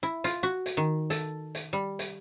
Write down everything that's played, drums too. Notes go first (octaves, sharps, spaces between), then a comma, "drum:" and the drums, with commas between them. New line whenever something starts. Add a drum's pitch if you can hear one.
E4
F4, drum: hi-hat
F#4
drum: hi-hat
D#3
A4, drum: hi-hat
drum: hi-hat
G3
drum: hi-hat